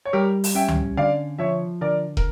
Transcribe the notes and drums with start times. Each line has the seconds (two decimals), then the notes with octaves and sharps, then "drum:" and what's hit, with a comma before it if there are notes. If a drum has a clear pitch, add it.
0.05 C#5
0.13 G3 G4 A#4
0.44 drum: open hi-hat
0.55 C#4 E5 G5
0.68 drum: tom C#2
0.97 D3 D5 F5
1.39 F3 C#5 E5
1.81 D3 A#4 D5
2.17 A#4, drum: kick